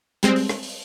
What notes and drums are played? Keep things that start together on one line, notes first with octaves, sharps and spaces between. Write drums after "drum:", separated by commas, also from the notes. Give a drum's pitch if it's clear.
G3 G#3 C4, drum: hi-hat
drum: open hi-hat
drum: rim click
drum: open hi-hat